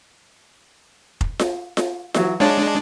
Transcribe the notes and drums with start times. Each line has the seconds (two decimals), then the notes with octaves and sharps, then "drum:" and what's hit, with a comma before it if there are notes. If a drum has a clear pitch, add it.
1.21 drum: kick F1
1.39 drum: snare F4
1.77 drum: snare F4
2.14 E3 F#3 F#4, drum: snare F4
2.40 G#3 D4 C#5 F5 A5